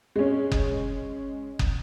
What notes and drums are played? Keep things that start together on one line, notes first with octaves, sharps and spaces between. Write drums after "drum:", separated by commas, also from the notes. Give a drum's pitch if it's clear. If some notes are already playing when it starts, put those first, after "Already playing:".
G#3 C#4
drum: kick F#1
drum: kick F#1